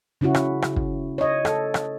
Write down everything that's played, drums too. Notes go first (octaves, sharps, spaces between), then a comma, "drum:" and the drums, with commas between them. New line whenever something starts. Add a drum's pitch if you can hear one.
C#3 C#4 E4 F#4
drum: rim click
drum: rim click
drum: kick
C#5 D#5
A4, drum: rim click
drum: rim click